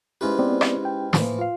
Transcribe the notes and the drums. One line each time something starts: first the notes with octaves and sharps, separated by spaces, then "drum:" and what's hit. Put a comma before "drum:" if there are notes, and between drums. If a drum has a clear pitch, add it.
G#2 C#4 E4 F4 G4 B4
B3 C4 D5
drum: rim click
G5
A2 E3 F3 A#3, drum: snare
F4 F5